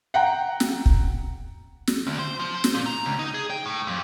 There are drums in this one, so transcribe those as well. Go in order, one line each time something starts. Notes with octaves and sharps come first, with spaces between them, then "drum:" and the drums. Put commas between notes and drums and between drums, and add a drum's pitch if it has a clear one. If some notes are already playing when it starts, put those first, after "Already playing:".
F#5 G5 A#5
drum: snare
drum: kick
drum: snare
D2
C5
F3
C5
drum: snare
A#2
A#5
C#2
D#4
G#4
G5
A2
F2